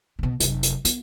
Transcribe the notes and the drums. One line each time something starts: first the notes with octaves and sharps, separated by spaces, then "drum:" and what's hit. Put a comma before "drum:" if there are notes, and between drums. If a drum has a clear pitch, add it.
B2 D3
F1 F#3, drum: hi-hat
drum: hi-hat
B3, drum: hi-hat